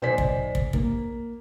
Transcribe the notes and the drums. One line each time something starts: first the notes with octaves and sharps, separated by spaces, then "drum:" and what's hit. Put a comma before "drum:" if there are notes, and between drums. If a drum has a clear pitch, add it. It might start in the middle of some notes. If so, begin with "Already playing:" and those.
B1 C5 D5 G#5 B6
drum: kick
drum: kick
A#3, drum: kick